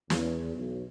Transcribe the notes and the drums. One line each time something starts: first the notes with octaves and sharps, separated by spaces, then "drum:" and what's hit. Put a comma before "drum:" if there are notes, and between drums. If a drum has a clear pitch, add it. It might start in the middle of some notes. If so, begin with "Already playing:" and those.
E2, drum: snare
B1